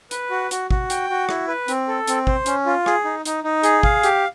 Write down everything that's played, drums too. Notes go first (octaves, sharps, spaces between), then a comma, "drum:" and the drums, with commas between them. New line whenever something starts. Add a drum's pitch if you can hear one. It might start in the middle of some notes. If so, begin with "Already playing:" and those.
B4, drum: hi-hat
F#4
F#4, drum: hi-hat
F#4, drum: kick
G5, drum: hi-hat
F#4
E4, drum: rim click
B4
C4, drum: hi-hat
A4
C4, drum: hi-hat
C5, drum: kick
C#4, drum: hi-hat
F4
G#4, drum: rim click
D#4
D#4, drum: hi-hat
D#4
G#4, drum: hi-hat
F5, drum: kick
G4, drum: hi-hat